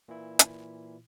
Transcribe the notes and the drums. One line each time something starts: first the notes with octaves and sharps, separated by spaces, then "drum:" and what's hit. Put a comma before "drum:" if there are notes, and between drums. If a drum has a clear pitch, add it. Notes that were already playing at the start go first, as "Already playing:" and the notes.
A#2 E3 E4
drum: hi-hat